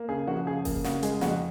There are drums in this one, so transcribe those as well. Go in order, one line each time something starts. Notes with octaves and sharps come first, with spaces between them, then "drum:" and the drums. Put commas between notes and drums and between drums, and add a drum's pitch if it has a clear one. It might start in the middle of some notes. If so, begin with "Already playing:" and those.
Already playing: A#3
C#3 G#4
F3 F#4
C#3 G#4
A#3 G#4, drum: kick F#1, open hi-hat
C#3 F#4, drum: snare
G#3 G#4, drum: hi-hat
F2 F#4, drum: snare